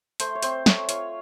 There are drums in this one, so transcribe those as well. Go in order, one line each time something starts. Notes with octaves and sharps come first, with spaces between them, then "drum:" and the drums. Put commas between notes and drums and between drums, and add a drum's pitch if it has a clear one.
A3 C5, drum: hi-hat
C#5
C4 C5, drum: hi-hat
A3 C#5, drum: snare
F4 C#5, drum: hi-hat